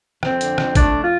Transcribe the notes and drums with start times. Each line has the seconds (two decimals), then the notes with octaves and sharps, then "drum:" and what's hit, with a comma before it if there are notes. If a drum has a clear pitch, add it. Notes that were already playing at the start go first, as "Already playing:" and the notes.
0.23 F2 C4, drum: rim click
0.41 D3, drum: hi-hat
0.58 F2, drum: rim click
0.75 A3 D4, drum: kick, hi-hat
0.93 F2
1.02 F4